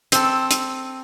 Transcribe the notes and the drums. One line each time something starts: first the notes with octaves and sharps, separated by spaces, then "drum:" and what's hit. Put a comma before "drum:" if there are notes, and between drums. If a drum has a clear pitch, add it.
C4 A4, drum: hi-hat
drum: hi-hat